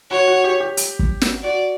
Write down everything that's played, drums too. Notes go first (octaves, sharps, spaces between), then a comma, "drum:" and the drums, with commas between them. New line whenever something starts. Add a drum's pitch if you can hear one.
F#4 C#5
F#4
G4
G4
drum: hi-hat
drum: kick
drum: snare
F#4 D5